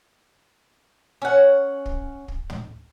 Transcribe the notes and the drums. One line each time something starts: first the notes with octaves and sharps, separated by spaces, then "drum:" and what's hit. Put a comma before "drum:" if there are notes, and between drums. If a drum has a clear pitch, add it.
C#4 F#5
drum: kick
drum: kick
drum: tom